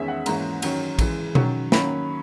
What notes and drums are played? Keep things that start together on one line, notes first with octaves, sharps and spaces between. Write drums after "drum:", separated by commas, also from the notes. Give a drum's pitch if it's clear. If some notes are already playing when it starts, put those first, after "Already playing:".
Already playing: E2 D#3 G#3 C#4 E5
F#5
G#2 E3 A#3 C#4 A#5, drum: cymbal
F#2 D#3 F#3 C#4, drum: cymbal
C#3 E3 G#3, drum: kick A#1, cymbal
D#3 F#3 C#4, drum: tom B2
D#3 F#3 A#3 C#4 B5, drum: snare